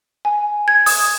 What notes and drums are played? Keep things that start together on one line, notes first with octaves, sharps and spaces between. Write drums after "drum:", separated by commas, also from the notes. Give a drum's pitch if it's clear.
G#5
G#6
D#6, drum: open hi-hat